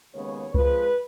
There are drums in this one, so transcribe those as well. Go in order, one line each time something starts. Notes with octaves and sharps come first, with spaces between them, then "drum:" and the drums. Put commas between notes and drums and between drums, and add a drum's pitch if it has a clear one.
D#2 C#3 G#3 B3 C#5
F2 F3 G#3 B4, drum: kick C#2